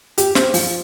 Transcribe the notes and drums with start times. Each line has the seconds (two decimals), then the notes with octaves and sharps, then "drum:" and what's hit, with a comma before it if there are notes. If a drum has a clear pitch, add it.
0.18 G4, drum: hi-hat
0.35 C5, drum: snare
0.54 F3, drum: open hi-hat